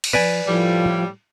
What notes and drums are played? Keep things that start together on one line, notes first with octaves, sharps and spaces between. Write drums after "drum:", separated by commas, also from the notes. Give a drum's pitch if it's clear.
drum: cymbal
F3 B4 D5 G#5
A2 F3 G3